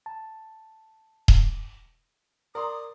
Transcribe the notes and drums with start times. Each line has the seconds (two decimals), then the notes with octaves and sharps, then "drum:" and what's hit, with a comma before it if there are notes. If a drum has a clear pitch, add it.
0.06 A5
1.28 drum: kick D#1
2.55 A#4 D5 A#5 C6 D#6